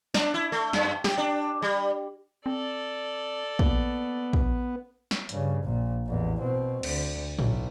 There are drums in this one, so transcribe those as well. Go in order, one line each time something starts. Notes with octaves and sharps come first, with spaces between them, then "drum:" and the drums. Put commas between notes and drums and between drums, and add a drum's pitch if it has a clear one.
D4, drum: snare
E4
A3
F#2, drum: snare
G4, drum: snare
D4
G3
C4 A4 D5
A#3 B3, drum: kick
drum: kick
drum: snare
G2 C#3, drum: hi-hat
A#1 A#2
A1 E2
B2 C4
D2, drum: cymbal
B1, drum: tom A2